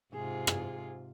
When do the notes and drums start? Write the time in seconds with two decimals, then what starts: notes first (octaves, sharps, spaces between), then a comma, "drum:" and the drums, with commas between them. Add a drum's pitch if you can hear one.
0.13 G#2 C3 F4 G#4
0.47 drum: rim click